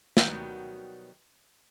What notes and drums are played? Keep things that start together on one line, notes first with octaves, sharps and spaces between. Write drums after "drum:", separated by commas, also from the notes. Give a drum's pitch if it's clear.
B2 D#3 F#3 G3, drum: snare